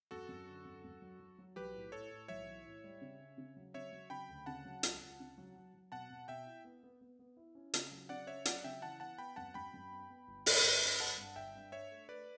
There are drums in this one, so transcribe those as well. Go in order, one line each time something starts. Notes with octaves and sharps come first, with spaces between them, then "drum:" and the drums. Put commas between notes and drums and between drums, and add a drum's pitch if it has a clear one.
F#2 F#4 A4
F#2
D3
F#2
F#2
F#3
F#3
F#3
B1 G4 B4
A2
A2 A4 C#5
A2
B1 C#5 E5
E3
A2
G3
C#3
C#4
C#3
F#3
C#3 C#5 E5
F#3
C#3 G5 B5
D2
C#3 F#5 A5
F#3
C#2, drum: hi-hat
C#2
C#3
F#3
F#3
F#3
B2 F#5 A5
B2
B2 E5 G5
E4
B3
B3
B3
B3
E4
C#4
C#3, drum: hi-hat
F#3
C#3 D5 F#5
C#4 C#5 E5
F#3 D5 F#5, drum: hi-hat
C#3 E5 G5
E3 F#5 A5
B3 F#5 A5
B3 G5 B5
F#2 F#5 A5
F#2 G5 B5
F#2
B3
B3
G1
G2, drum: open hi-hat
G1
G2
G1 F#5 A5
G2
G1 E5 G5
G2
D4 C#5 E5
A3
A3 B4 D5